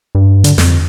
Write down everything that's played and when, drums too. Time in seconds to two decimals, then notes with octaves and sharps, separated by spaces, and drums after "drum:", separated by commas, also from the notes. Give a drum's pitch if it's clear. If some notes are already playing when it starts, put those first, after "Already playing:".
0.15 G2
0.44 D3, drum: hi-hat
0.58 F2, drum: snare